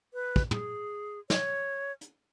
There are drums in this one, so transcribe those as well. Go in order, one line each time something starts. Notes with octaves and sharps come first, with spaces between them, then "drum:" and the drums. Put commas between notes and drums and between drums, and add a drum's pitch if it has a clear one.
B4
drum: kick
G#4, drum: tom
C#5, drum: snare
drum: hi-hat